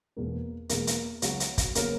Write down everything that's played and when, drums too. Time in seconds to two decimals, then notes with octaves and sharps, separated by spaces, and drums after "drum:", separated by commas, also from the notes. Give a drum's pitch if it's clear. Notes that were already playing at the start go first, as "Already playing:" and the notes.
0.17 E1 E2 B2 G#3 A#3 A#4
0.69 E1 E2 B2 G#3 A#3 A#4, drum: hi-hat
0.87 drum: hi-hat
1.22 C#2 C#3 F#3 B3 F#4, drum: hi-hat
1.40 drum: hi-hat
1.58 drum: kick, hi-hat
1.75 C#3 F#3 A#3 B3 A#4, drum: hi-hat